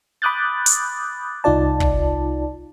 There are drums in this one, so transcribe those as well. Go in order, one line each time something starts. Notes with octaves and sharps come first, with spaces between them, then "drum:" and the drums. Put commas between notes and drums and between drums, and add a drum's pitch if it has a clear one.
B5 D6 D#6 F#6 G6 A6
drum: hi-hat
C2 D#4 F4 D5 A5
drum: kick